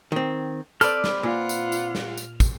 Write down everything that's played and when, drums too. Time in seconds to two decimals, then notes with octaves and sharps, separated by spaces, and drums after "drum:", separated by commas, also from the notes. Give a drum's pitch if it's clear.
0.12 D#3 C4
0.81 C4 A4 B4 D5 F6, drum: tambourine
1.04 drum: snare
1.23 A#2 F4 F#5
1.49 drum: tambourine
1.72 drum: tambourine
1.95 drum: snare
2.17 drum: tambourine
2.40 drum: kick, tambourine